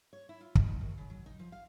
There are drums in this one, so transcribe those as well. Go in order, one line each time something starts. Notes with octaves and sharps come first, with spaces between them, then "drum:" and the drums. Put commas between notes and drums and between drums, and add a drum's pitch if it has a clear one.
C#5
E4
F4
D#5, drum: kick
D#4
D#2
C#3
F#3
D#4
F3
F5